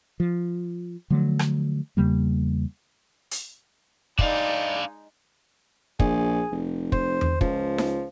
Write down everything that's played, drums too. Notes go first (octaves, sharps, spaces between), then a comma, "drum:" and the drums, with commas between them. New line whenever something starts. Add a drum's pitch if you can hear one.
F3
D3 F3 F#3 A3
drum: rim click
E2 C#3 G3 A#3
drum: hi-hat
G#3 D4 D#4 D5 F5, drum: kick
A#1 G#4, drum: kick
F1
C5, drum: kick
drum: tom E2
C#2 F3, drum: kick
drum: snare D#4